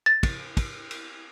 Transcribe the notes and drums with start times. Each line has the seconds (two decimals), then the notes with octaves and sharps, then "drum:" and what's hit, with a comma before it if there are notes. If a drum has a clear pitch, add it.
0.06 A6
0.23 drum: kick, cymbal
0.57 drum: kick, cymbal
0.91 drum: cymbal